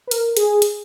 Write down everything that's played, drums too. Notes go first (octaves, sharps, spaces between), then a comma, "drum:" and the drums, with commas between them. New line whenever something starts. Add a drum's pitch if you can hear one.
B4
A#4, drum: hi-hat
G#4, drum: hi-hat
drum: hi-hat